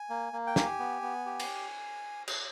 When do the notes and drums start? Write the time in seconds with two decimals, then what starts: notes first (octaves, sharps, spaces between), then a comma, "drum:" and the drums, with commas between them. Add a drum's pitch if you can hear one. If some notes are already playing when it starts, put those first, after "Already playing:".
Already playing: G#5
0.10 A#3
0.33 A#3
0.47 G5
0.56 G4 G#5, drum: snare
0.79 B3
1.02 B3
1.26 G4
1.40 drum: cymbal
2.28 drum: cymbal